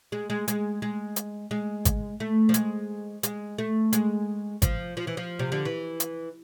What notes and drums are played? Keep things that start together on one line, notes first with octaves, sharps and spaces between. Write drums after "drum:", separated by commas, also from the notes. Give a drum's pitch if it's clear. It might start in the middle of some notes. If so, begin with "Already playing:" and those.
G#3
G#3
G#3, drum: hi-hat
G#3
drum: hi-hat
G#3
drum: kick, hi-hat
A3
F3
G#3, drum: hi-hat
G#3, drum: hi-hat
A3
G#3, drum: hi-hat
F3, drum: kick, hi-hat
F3
E3
F3
C3
D3
E3
drum: hi-hat